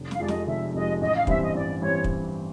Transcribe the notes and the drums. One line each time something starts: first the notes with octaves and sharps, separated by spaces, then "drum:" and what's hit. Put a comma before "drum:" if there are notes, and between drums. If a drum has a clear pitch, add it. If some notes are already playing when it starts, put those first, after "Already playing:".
Already playing: F1
F5, drum: snare
F2 C3 F3 G#3 D5
D#5, drum: snare
F1 E5
F2 C3 F3 G#3 D#5
A1 D#5
F5
G2 E3 G3 C4 E5, drum: kick
D#5
A1 D5
E3 G3 C4 C#5
drum: kick